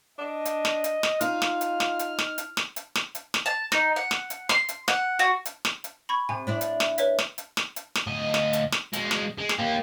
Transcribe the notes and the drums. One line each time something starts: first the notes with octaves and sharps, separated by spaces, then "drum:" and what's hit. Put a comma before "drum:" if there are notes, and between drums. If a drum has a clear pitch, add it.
D4 D#5
drum: hi-hat
drum: snare
drum: hi-hat
drum: snare
D#4 F4 F6, drum: hi-hat
drum: snare
drum: hi-hat
drum: snare
drum: hi-hat
drum: snare
drum: hi-hat
drum: snare
drum: hi-hat
drum: snare
drum: hi-hat
drum: snare
A5
D#4, drum: snare
F#5
drum: snare
drum: hi-hat
C6, drum: snare
drum: hi-hat
F#5, drum: snare
F#4
drum: hi-hat
drum: snare
drum: hi-hat
B5 C#6 G#6
C3 G#5
D4 E4 D5
drum: hi-hat
drum: snare
B4 C#5 E5, drum: hi-hat
drum: snare
drum: hi-hat
drum: snare
drum: hi-hat
drum: snare
D2 D#5
drum: snare
drum: hi-hat
drum: snare
B2 G#3, drum: hi-hat
drum: snare
G#3
drum: snare
A#3 G4